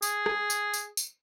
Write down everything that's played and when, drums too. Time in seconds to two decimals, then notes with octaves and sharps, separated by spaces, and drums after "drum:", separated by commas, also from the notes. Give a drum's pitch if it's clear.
0.02 G#4, drum: tambourine
0.26 drum: rim click
0.50 drum: tambourine
0.74 drum: tambourine
0.97 drum: tambourine